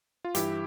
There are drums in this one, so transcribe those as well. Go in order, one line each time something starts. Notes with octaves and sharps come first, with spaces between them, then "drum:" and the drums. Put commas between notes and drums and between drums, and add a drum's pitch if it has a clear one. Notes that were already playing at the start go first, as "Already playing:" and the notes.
F4
G2 E3 E4 G4, drum: hi-hat